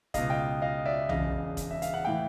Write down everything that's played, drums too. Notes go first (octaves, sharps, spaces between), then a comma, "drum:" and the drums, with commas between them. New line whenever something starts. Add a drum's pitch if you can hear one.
C#2 B2 D#5 F5, drum: kick, hi-hat
F5 G5
D#5 F5
D5 E5
E1 E2 C#3 D#5 F5, drum: tom
drum: kick, hi-hat
E5
F5, drum: hi-hat
F#5
A2 E3 F5 G5